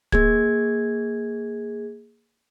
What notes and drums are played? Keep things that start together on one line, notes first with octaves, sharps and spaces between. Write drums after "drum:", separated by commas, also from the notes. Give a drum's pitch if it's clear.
A#3 G#4 G#6, drum: kick